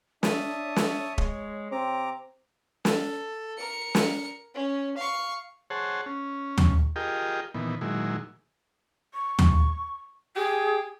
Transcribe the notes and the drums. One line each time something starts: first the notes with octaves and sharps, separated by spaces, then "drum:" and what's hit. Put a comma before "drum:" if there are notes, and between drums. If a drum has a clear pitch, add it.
D4 C#5 E5 A5 D#6, drum: snare
drum: snare
G#3, drum: kick D#1
C3 C4 A#5 D6
A4, drum: snare
A#4 C#7
drum: snare
C#4
F5 C#6
G#4 C5 C#5 F#5 A5
C#4
drum: tom D#2
F4 G4 G#4 A#4 D#5 G5
A#2 D#3 E3 B3
A#2 D#3 F#3 G#3 E4
C#6
drum: tom D#2
G4 G#4